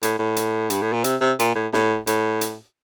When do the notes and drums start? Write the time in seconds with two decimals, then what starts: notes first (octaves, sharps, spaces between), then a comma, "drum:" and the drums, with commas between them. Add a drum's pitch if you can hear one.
0.03 A2, drum: hi-hat
0.19 A2
0.36 drum: hi-hat
0.70 G2, drum: hi-hat
0.82 A2
0.93 A#2
1.04 C3, drum: hi-hat
1.21 C3
1.39 A#2, drum: hi-hat
1.55 A2
1.73 A2, drum: snare
2.07 A2, drum: hi-hat
2.41 drum: hi-hat